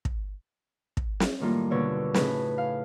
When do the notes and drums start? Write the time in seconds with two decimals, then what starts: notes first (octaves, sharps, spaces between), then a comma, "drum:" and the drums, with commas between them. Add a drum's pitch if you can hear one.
0.05 drum: kick
0.97 drum: kick
1.20 drum: snare
1.39 F#2 A2 D#3 G3 A#3 F4
1.71 D#2 B2 D3 C#5 D5 E6
2.14 A2 C#3 D#4 G#4 B4 G#5, drum: snare
2.58 F5